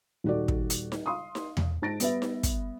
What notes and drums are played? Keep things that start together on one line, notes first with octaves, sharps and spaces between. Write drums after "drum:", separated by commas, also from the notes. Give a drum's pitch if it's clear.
D#1 D#3 F#4 A4 D5
drum: kick
drum: hi-hat
drum: snare D#4
F5 C6 D#6
drum: snare D#4
drum: tom E2
G#2 A5 A6 A#6 D7
G3 B3 B4 E5, drum: hi-hat
drum: snare D#4
drum: kick, hi-hat